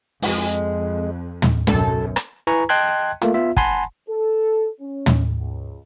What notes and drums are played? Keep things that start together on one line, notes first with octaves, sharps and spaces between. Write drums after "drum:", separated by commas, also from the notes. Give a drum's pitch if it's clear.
F2 G#3, drum: open hi-hat
drum: tom
B1 F#2 B2 A4, drum: snare
drum: rim click
E4 B4 G#5 A#5 C#6
D#5 G5 A5 C6 F#6 G#6
A3 A#3 F4, drum: hi-hat
B3 F4 E5
F#5 G#5 A5 B5 C6, drum: kick
A4
C#4
drum: tom
C#2